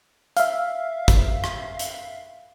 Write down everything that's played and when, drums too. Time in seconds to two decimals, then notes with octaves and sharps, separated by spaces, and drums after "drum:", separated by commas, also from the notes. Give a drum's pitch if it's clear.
0.37 E5 F5, drum: hi-hat
1.08 drum: kick, hi-hat
1.44 drum: rim click
1.79 drum: hi-hat